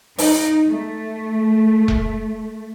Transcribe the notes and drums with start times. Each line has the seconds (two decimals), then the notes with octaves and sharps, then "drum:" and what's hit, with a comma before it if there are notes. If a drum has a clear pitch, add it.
0.18 D#4, drum: open hi-hat
0.68 A3
1.88 drum: kick E1